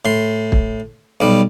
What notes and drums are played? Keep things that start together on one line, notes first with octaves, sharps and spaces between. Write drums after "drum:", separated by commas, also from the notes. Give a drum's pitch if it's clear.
A2 C6
drum: kick
B1 G3